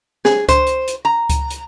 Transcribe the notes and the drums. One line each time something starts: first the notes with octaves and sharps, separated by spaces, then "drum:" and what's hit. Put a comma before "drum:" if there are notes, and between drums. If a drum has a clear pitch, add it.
G#4, drum: snare
C5, drum: kick C#2, hi-hat
drum: hi-hat
drum: hi-hat
A#5
drum: kick C#2, hi-hat
drum: hi-hat